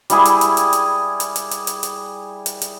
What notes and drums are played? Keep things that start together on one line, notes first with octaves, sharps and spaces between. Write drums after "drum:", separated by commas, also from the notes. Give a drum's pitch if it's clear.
G3 E4 G#4, drum: hi-hat
drum: hi-hat
drum: hi-hat
drum: hi-hat
drum: hi-hat
drum: hi-hat
drum: hi-hat
drum: hi-hat
drum: hi-hat
drum: hi-hat
drum: hi-hat
drum: hi-hat